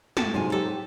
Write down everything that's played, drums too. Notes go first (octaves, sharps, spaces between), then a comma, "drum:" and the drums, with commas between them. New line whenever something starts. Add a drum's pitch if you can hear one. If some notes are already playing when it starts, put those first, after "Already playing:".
A2 A5, drum: snare
G#2 C3 F#3 F4 G#5
F#3 G4 A4